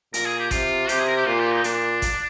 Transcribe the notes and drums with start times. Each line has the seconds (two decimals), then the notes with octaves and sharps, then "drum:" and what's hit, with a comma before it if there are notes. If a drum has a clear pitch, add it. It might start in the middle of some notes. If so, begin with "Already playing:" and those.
0.14 A#2 A#4, drum: hi-hat
0.26 G#4
0.39 G4
0.51 C3 F4, drum: kick G#1, hi-hat
0.89 C3 G4, drum: hi-hat
0.99 G#4
1.08 A#4
1.17 G4
1.26 A#2 F4
1.39 G4
1.52 D#4
1.64 A#2 D4, drum: hi-hat
2.02 drum: kick G#1, hi-hat